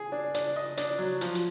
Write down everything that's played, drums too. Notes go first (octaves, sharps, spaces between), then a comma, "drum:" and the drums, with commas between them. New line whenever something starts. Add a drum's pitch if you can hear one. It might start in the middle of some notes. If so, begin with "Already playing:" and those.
Already playing: G#4
D4
D4, drum: hi-hat
D#5
D4, drum: hi-hat
F#3
F3, drum: hi-hat
drum: hi-hat